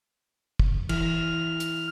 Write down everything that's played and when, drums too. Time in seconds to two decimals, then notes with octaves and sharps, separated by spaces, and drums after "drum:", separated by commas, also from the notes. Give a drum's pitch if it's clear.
0.59 drum: kick
0.89 E3 F6, drum: cymbal
1.60 drum: hi-hat